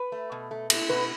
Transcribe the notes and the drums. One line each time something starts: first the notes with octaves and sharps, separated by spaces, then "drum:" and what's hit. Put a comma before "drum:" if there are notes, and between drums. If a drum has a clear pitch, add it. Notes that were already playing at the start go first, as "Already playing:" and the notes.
Already playing: B4
A3
B2
A3
A3, drum: cymbal
B2 B4